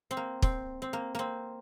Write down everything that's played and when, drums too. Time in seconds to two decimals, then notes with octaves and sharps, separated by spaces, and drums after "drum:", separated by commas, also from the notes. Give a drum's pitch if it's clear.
0.11 C4
0.17 A#3
0.42 C4, drum: kick
0.82 C4
0.93 A#3
1.15 A#3 C4